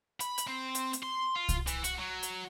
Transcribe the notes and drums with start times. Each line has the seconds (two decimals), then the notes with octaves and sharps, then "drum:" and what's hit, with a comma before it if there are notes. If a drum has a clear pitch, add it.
0.20 B5, drum: hi-hat
0.38 drum: hi-hat
0.47 C4
0.75 drum: hi-hat
0.93 drum: hi-hat
1.03 C6
1.36 F4
1.49 drum: kick C2, hi-hat
1.67 E3, drum: hi-hat
1.84 F#4, drum: hi-hat
1.99 F#3
2.23 drum: hi-hat